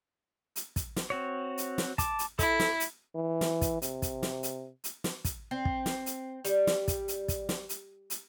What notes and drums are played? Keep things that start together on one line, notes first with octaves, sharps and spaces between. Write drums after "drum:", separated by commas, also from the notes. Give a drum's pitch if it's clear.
drum: hi-hat
drum: kick, hi-hat
drum: snare
C4 F#4 C#5
drum: hi-hat
drum: snare
A5 D6, drum: kick, hi-hat
drum: hi-hat
E4 A4, drum: kick, hi-hat
drum: snare
drum: hi-hat
E3
drum: snare
drum: kick, hi-hat
C3, drum: hi-hat
drum: kick, hi-hat
drum: snare
drum: hi-hat
drum: hi-hat
drum: snare
drum: kick, hi-hat
C4
drum: kick
drum: snare
drum: hi-hat
G3, drum: hi-hat
drum: snare
drum: kick, hi-hat
drum: hi-hat
drum: kick, hi-hat
drum: snare
drum: hi-hat
drum: hi-hat